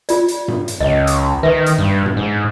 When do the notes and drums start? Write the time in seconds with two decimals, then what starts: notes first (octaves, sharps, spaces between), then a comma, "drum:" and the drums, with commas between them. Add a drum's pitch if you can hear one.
0.09 F4 D5, drum: hi-hat
0.28 drum: hi-hat
0.48 drum: tom G2
0.68 drum: hi-hat
0.80 C#2 D#5
1.07 drum: hi-hat
1.43 D#3 B4 E5
1.66 drum: hi-hat
1.78 G2
2.06 drum: tom G2
2.17 G#2